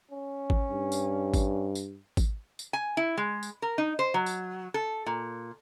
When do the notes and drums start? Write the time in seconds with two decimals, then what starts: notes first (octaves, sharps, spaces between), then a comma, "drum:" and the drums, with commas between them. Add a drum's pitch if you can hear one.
0.11 C#4
0.50 drum: kick G#1
0.71 G2
0.92 drum: tambourine
1.34 drum: kick G#1, tambourine
1.75 drum: tambourine
2.17 drum: kick G#1, tambourine
2.59 drum: tambourine
2.73 G#5
2.97 E4
3.17 G#3
3.43 drum: tambourine
3.62 A#4
3.78 D#4
3.99 C5
4.14 F#3
4.26 drum: tambourine
4.74 A4
5.06 A#2